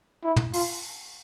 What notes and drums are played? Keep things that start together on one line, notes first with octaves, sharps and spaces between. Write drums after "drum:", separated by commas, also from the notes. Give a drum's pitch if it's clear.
E4
drum: tom
F4, drum: open hi-hat